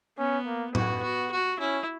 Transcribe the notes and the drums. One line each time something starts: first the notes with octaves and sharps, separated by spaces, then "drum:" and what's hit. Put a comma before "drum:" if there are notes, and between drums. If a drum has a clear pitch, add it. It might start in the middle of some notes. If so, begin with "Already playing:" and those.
B3 C#4
A#3
B3 F#4, drum: tom A2
F#4
F#4
C#4 E4